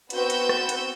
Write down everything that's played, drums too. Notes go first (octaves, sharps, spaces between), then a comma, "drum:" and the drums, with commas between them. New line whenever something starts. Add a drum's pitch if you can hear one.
B3 C4 F#4 B4 E6 G6, drum: hi-hat
drum: hi-hat
drum: rim click
drum: hi-hat